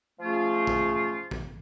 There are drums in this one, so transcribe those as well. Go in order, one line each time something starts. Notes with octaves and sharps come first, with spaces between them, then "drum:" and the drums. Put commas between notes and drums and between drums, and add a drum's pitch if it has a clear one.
F3 A3 C#4 F4 G#4
drum: kick A1
drum: kick A1